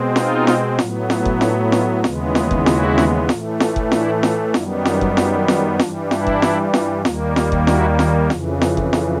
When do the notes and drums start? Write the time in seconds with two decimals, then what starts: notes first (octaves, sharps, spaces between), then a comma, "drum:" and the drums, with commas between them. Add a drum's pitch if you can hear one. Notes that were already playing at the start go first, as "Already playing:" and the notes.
Already playing: B2 G#3 C4
0.16 D#4 F4, drum: snare
0.47 drum: snare
0.79 A2 F#3 B3, drum: snare
1.10 drum: snare
1.25 drum: kick F#1
1.41 D4 E4, drum: snare
1.72 D#4 F4, drum: snare
2.04 D#2 C#3 E3 G#3 B3, drum: snare
2.35 drum: snare
2.51 drum: kick F#1
2.66 E4 F#4, drum: snare
2.98 drum: snare
3.29 A2 E3 A3, drum: snare
3.60 drum: snare
3.76 drum: kick F#1
3.92 D4 E4, drum: snare
4.23 drum: snare
4.54 F#2 D#3 G3 B3 D4 E4, drum: snare
4.85 C#4 D#4, drum: snare
5.01 drum: kick F#1
5.17 drum: snare
5.48 drum: snare
5.79 G2 E3 G3 D4, drum: snare
6.11 D4 E4, drum: snare
6.27 drum: kick F#1
6.42 drum: snare
6.74 drum: snare
7.05 D#2 D#3 G3 A#3, drum: snare
7.36 drum: snare
7.52 drum: kick F#1
7.67 E4 F#4, drum: snare
7.99 drum: snare
8.30 F2 C#3 E3, drum: snare
8.61 drum: snare
8.77 drum: kick F#1
8.93 drum: snare